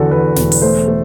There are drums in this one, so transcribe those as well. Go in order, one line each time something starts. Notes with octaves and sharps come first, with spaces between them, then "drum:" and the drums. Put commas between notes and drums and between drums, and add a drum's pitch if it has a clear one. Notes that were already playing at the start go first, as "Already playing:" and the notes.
Already playing: E2 D3 F#4 A4
E2 B4
E1, drum: snare
drum: open hi-hat
A3 C5
A3